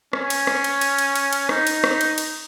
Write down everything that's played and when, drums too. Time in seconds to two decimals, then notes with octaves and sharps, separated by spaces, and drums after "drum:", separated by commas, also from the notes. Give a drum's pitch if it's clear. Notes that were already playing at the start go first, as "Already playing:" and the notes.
0.13 C#4, drum: rim click
0.30 drum: cymbal
0.47 drum: rim click
0.64 drum: cymbal
0.81 drum: cymbal
0.98 drum: cymbal
1.16 drum: cymbal
1.33 drum: cymbal
1.49 D#4, drum: rim click
1.67 drum: cymbal
1.84 drum: rim click
2.01 drum: cymbal
2.18 drum: cymbal